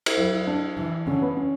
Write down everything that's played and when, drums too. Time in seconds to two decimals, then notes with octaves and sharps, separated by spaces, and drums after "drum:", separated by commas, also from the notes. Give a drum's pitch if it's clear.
0.06 drum: cymbal
0.17 F#3 E4
0.32 E4
0.47 D4
0.77 E3
1.07 D3 C#4
1.22 B3
1.37 C#4